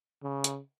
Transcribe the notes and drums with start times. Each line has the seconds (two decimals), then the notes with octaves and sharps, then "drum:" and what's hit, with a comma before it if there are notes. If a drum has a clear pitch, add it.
0.23 C#3
0.44 drum: hi-hat